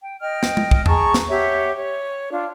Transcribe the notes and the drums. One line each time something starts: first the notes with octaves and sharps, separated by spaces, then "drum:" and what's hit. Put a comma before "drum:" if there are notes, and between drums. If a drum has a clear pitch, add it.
G5
D#5 G5 F6
drum: snare
drum: tom G#3
drum: kick
G#4 A5 A#5 C#6, drum: tom E2
drum: snare
G4 C#5 E5 F#5
C#5
D4 F4